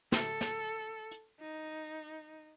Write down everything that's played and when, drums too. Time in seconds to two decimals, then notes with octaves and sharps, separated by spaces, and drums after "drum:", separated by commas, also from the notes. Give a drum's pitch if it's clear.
0.12 A4, drum: snare
0.41 drum: snare
1.11 drum: hi-hat
1.40 D#4